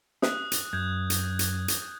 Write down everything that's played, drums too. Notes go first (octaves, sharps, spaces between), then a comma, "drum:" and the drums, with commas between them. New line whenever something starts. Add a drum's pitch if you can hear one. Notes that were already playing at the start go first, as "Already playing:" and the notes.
D#6 F#6, drum: snare
drum: hi-hat
F#2 G6 G#6
drum: hi-hat
drum: hi-hat
drum: hi-hat